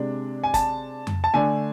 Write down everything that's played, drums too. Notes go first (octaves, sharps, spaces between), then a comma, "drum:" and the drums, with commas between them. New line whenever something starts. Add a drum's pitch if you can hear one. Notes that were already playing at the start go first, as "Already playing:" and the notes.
Already playing: C3 G#3 D4
G#5
A5, drum: kick, hi-hat
drum: tom F2
A5
D3 A3 D4 G#5